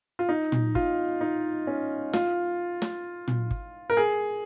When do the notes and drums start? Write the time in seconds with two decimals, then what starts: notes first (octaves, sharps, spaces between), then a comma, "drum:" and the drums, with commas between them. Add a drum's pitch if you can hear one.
0.19 F4
0.29 D#4
0.52 drum: tom A#2
0.75 F4, drum: kick
1.21 D#4
1.67 C#4
2.13 F4, drum: snare
2.82 drum: snare
3.28 drum: tom A#2
3.51 drum: kick
3.90 A#4
3.97 G#4